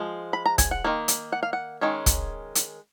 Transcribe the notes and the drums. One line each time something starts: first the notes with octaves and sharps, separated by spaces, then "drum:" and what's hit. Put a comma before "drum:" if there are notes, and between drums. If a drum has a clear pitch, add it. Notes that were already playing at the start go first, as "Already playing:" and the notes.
Already playing: F3 G#3
B5
A#5
G#5, drum: kick, hi-hat
F#5
D#3 F#3 A#3
drum: hi-hat
F#5
F5
F#5
D#3 G#3 C#4
drum: kick, hi-hat
drum: hi-hat